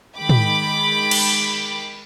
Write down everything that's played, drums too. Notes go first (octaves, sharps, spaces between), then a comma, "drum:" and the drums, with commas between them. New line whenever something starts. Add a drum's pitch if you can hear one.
D#3 G#3 G5 B5 D6
drum: tom
drum: cymbal